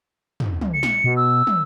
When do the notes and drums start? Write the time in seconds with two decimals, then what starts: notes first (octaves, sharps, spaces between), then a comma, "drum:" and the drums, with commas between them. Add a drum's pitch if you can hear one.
0.40 drum: tom
0.61 drum: tom
0.74 C#7
0.83 drum: snare
1.04 B2
1.17 E6
1.47 drum: tom